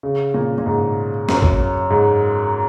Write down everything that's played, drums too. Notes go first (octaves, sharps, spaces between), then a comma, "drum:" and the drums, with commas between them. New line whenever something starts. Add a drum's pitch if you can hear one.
C#3
A#2
A#2
G#2
F#2, drum: snare
drum: kick A1
G#2